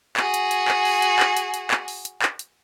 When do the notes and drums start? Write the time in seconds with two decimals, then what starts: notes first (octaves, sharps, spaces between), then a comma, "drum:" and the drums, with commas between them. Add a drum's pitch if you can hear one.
0.17 F#4 G#4, drum: clap
0.34 drum: hi-hat
0.51 drum: hi-hat
0.68 drum: clap
0.85 drum: open hi-hat
1.02 drum: hi-hat
1.19 drum: clap
1.37 drum: hi-hat
1.54 drum: hi-hat
1.71 drum: clap
1.88 drum: open hi-hat
2.05 drum: hi-hat
2.22 drum: clap
2.39 drum: hi-hat